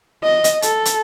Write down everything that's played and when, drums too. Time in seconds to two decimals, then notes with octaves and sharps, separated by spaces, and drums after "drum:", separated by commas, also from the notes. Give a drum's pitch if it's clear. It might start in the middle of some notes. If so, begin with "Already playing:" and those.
0.23 D#5
0.44 drum: hi-hat
0.62 A4, drum: hi-hat
0.85 drum: hi-hat